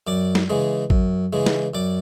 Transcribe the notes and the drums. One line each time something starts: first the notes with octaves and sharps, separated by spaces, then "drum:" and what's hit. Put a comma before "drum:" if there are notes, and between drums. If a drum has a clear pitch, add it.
F#2 D5 D6
drum: snare
C#3 E3 G#3
F#2, drum: kick
C#3 E3 G#3
drum: snare
F#2 D5 D6